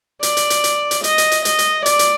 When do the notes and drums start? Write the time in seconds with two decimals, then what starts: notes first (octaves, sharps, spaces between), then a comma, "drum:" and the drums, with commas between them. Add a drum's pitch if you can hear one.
0.23 D5, drum: hi-hat
0.37 drum: hi-hat
0.50 drum: hi-hat
0.64 drum: hi-hat
0.91 drum: hi-hat
1.04 D#5, drum: hi-hat
1.18 drum: hi-hat
1.31 drum: hi-hat
1.45 D#5, drum: hi-hat
1.59 drum: hi-hat
1.86 D5, drum: hi-hat
1.99 drum: hi-hat